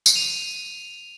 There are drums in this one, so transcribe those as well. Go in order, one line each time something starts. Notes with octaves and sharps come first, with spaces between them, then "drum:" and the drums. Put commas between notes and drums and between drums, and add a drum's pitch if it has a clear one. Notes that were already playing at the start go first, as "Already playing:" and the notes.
drum: tambourine
D#7 F7